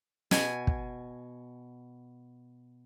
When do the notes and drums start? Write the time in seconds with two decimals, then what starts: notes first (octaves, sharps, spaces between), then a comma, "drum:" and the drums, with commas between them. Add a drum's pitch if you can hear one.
0.31 B2 G#5, drum: snare
0.67 drum: kick